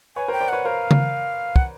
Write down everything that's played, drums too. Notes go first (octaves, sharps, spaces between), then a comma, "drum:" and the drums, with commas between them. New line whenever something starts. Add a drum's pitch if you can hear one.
B4 C#5 G#5
A#4 C5 G5
C5 D5
B4 C#5 F#5
A#4 C5 F5
drum: tom C#3
F#5, drum: kick